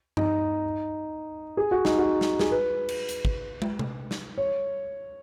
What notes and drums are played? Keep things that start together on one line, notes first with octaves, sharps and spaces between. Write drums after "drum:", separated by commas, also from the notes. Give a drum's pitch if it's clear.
D#4, drum: tom G2
G#4
F#4
D#4, drum: snare
F#4
drum: snare
G#4, drum: snare
B4
drum: cymbal
drum: hi-hat
drum: kick
drum: tom
drum: tom C3
drum: snare
C#5